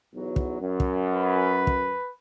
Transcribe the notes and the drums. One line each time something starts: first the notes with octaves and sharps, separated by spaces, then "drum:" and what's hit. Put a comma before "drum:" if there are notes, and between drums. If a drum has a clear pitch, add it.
B1 E2 F#3
drum: kick
F#2
drum: kick
B4
drum: kick